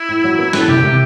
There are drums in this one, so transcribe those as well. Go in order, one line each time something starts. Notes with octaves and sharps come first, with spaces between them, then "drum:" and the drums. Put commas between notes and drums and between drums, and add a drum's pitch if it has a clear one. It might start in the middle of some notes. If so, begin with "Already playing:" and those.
Already playing: E4
A2
F#3
B3
A2 B4, drum: snare
A4
C2 G4
C3